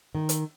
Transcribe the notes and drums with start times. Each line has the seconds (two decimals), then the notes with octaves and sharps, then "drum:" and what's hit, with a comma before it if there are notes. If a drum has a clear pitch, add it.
0.15 D#3
0.29 drum: hi-hat